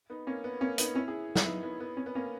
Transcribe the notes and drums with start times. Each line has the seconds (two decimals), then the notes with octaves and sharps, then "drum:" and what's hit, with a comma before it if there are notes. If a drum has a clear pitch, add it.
0.10 B3 D#4
0.27 A#3 C#4
0.44 B3
0.61 A#3 C#4
0.78 B3 D#4, drum: hi-hat
0.95 C#4 E4
1.08 E4 G#4
1.36 E4, drum: snare
1.46 B3 D#4
1.63 B3 D#4
1.80 B3
1.97 C#4
2.06 B3
2.15 A#3 C#4